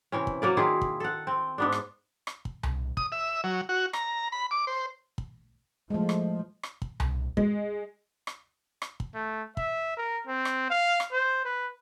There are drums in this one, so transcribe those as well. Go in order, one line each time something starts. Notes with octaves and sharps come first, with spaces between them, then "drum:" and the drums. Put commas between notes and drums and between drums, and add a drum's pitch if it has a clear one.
C3 E3 C#4
drum: kick
F#3 A#3 D5
D#3 E4 F4 G#4
drum: kick
A4 F#5
C4
G#2 B3 D4
drum: rim click
drum: rim click
drum: kick
drum: tom C2
D#6, drum: kick
E5
F#3
F#4
A#5, drum: rim click
B5
D6
C5
drum: kick
F3 G#3 A3
drum: rim click
drum: rim click
drum: kick
drum: tom C2
G#3, drum: kick
drum: rim click
drum: rim click
drum: kick
A3
E5, drum: kick
A#4
C4
drum: rim click
F5
drum: rim click
C5
B4